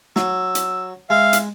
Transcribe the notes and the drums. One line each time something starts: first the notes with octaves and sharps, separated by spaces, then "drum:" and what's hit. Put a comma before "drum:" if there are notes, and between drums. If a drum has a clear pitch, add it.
F#3 E6, drum: snare
drum: hi-hat
G#3 E5 F5
drum: hi-hat